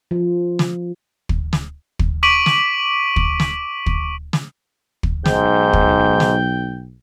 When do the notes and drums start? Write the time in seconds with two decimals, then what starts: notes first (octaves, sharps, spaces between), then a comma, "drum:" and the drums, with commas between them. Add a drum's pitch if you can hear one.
0.11 F3
0.59 drum: snare
1.29 drum: kick
1.53 drum: snare
1.99 drum: kick
2.23 C#6 D6 B6 D7 D#7 F#7
2.46 drum: snare
3.16 drum: kick
3.40 drum: snare
3.86 drum: kick
4.33 drum: snare
5.03 drum: kick
5.26 B1 G#2 G5, drum: snare
5.73 drum: kick
6.20 drum: snare